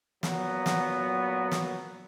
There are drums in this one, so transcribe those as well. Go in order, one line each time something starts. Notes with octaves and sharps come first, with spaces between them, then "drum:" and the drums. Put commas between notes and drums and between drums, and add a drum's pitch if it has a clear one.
A#2 F#3 B3, drum: snare
drum: snare
drum: snare